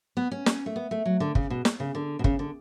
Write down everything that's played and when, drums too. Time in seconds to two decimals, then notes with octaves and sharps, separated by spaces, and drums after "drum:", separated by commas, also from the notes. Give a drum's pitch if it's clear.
0.17 B3
0.31 C#4
0.46 drum: snare
0.66 A3
0.76 B3
0.91 A3
1.05 F#3
1.20 D3
1.35 C#3, drum: kick
1.50 B2
1.65 drum: snare
1.80 C#3
1.95 D3
2.19 B2
2.24 C#3, drum: kick
2.39 D3